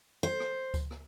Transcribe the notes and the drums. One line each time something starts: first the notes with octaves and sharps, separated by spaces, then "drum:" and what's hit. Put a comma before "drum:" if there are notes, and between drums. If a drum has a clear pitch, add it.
C5
drum: rim click
drum: kick C#2, tambourine
drum: rim click